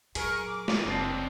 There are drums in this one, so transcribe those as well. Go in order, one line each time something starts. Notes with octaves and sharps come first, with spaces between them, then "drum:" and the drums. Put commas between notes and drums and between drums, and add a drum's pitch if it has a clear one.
A#2 F#3 G#4 A#4 C#6, drum: hi-hat
D6
drum: snare
F#1 F#3 C4 D4 D#4